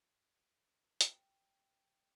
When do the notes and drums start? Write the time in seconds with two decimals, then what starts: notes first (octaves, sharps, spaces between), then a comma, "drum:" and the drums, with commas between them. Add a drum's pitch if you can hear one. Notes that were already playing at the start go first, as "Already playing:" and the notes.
1.01 G5, drum: hi-hat